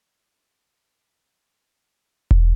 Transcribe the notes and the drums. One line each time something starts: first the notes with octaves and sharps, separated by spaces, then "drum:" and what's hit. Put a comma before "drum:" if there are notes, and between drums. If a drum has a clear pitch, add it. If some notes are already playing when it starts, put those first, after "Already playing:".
Already playing: E4
F#4
G4
G#4
G4
F#4
drum: kick E1